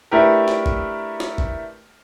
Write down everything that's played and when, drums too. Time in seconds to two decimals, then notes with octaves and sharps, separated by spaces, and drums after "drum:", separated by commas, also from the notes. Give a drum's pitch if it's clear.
0.11 A3 D4 E4 G4 A#4 B4
0.48 drum: snare
0.66 drum: kick G1
1.20 drum: snare
1.38 drum: kick G1